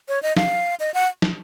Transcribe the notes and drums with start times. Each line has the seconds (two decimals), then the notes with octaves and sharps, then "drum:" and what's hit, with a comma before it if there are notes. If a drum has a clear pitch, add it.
0.09 C#5
0.23 D#5
0.37 F5, drum: snare
0.80 D#5
0.94 F#5
1.22 drum: snare